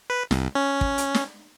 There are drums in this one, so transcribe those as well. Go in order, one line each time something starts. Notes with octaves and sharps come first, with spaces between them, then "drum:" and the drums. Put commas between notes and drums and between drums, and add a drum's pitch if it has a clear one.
B4
C2, drum: snare
C#4
drum: kick
drum: hi-hat
drum: snare